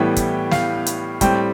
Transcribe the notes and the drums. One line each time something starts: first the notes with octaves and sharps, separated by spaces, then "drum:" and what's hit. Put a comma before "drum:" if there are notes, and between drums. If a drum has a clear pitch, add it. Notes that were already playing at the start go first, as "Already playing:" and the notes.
Already playing: A2 E3 G3 B3 G5
drum: kick, hi-hat
F5, drum: snare
drum: hi-hat
A2 G3 C4 G5, drum: kick, hi-hat